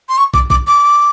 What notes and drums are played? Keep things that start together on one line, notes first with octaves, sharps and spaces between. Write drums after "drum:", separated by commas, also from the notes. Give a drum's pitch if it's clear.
C6
C#6
D6, drum: kick
D6, drum: kick
D6